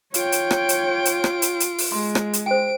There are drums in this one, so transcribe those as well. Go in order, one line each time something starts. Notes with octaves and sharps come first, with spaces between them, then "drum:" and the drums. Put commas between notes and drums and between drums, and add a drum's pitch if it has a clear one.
F4 C#5 G5 D7, drum: hi-hat
drum: hi-hat
drum: rim click
drum: hi-hat
drum: hi-hat
drum: rim click
drum: hi-hat
drum: hi-hat
drum: open hi-hat
G#3 C6
drum: rim click
drum: hi-hat
C5 G5 D7